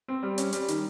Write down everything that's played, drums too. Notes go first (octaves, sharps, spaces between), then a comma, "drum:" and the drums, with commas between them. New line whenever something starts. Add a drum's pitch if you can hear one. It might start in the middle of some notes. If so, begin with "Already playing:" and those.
C4
G3
C#4, drum: hi-hat
G3, drum: hi-hat
D#3, drum: hi-hat